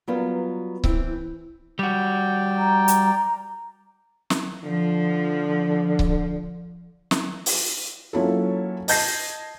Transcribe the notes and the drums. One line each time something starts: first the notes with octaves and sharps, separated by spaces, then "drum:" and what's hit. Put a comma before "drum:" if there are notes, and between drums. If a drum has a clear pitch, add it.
F#3 G3 B3 F4 A#4
E3 C4, drum: kick C#1
G3 F#4 D5 G5
A#5
drum: hi-hat
drum: snare
D3 F3
drum: kick C#1
drum: snare
drum: open hi-hat
F#3 A#3 C#4 E4 F4 A4
D#5 A5 G6 G#6 A#6 C7, drum: open hi-hat